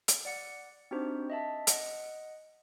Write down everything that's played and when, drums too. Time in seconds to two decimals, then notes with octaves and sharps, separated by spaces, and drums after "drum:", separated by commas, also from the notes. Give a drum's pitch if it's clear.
0.08 drum: hi-hat
0.25 D5 F#5 C#7
0.91 C4 D4 D#4 F#4 G4 C5
1.30 D#5 E5 A5
1.67 D#5 F#5, drum: hi-hat